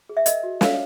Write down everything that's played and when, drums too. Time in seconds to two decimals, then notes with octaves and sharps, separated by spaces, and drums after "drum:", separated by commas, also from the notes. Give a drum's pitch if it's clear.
0.09 G#4
0.17 E5
0.26 A#4 D#5, drum: hi-hat
0.43 F#4
0.61 C#5 F5, drum: snare